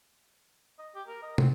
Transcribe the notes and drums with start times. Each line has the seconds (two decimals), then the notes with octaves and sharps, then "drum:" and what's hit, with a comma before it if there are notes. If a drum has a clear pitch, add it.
0.79 D#5
0.95 G4
1.07 A#4
1.22 D#5
1.38 C4, drum: tom